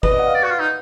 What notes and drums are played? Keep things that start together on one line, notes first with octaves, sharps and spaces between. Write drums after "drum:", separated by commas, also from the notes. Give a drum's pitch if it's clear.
B4 D#5, drum: kick
D5
F#5
F5
D5
F#4
F4
D#4